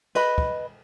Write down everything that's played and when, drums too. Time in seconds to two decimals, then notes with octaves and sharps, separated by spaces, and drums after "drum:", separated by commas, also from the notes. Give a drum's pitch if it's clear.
0.15 B4 D#5 B5, drum: cymbal
0.38 drum: kick